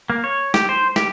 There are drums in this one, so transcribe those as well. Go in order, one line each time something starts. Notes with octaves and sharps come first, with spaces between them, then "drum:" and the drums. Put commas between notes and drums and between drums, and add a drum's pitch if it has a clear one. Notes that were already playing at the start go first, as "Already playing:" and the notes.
A#3
C#5
G4, drum: snare
C5
G4, drum: snare